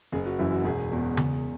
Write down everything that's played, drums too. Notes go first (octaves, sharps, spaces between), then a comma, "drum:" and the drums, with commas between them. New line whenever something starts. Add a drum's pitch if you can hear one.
F#1 G#4
F#4
F#2 E3 E4
F#4
E1 G#4
E2 B2
E2, drum: tom C#3